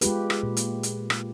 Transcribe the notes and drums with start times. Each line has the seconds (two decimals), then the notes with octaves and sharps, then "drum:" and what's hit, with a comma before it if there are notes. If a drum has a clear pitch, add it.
0.01 G#3 F4 G4 B4, drum: hi-hat
0.30 drum: rim click
0.43 A#2
0.57 drum: hi-hat
0.83 drum: hi-hat
1.10 drum: rim click